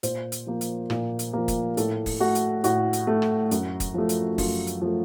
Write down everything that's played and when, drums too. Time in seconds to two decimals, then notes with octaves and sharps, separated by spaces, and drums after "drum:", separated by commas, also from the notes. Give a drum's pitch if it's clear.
0.03 A#2 C5, drum: hi-hat
0.32 drum: hi-hat
0.47 F3 A#3
0.61 drum: hi-hat
0.90 A#2, drum: rim click
1.19 drum: hi-hat
1.33 F3 A#3
1.48 drum: kick, hi-hat
1.77 A2 A4, drum: hi-hat
2.06 drum: kick, open hi-hat
2.20 A3 F#4
2.35 drum: hi-hat
2.64 A2 F#4, drum: hi-hat
2.93 drum: hi-hat
3.07 A3
3.22 drum: rim click
3.51 F#2, drum: hi-hat
3.80 drum: kick, hi-hat
3.94 F3 A3
4.09 drum: hi-hat
4.38 F#2 F4, drum: kick, open hi-hat
4.67 drum: hi-hat
4.82 F3 A3